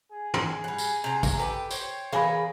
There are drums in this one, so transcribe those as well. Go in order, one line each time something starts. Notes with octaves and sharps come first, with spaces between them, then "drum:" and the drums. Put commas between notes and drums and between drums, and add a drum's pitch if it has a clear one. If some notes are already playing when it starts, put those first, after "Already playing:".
G#4
drum: tom
G3 F#5
drum: tambourine
C3 A#5
drum: kick, tambourine
G4 A4 B4 G5
C5 C#5 G5, drum: tambourine
G#4 A#4 B4 F5 G#5 B5, drum: tom